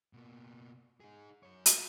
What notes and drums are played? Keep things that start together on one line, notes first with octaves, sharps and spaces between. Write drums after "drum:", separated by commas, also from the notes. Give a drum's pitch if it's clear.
B2 A#3
D#4 G#4
F#2 C#5
F4 F#4, drum: hi-hat